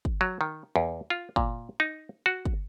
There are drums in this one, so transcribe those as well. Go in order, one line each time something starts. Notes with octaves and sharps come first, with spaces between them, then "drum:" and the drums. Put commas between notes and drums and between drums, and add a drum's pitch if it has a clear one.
drum: kick
F#3
D#3
E2
F4
A#2, drum: kick
D#4
F#4
drum: kick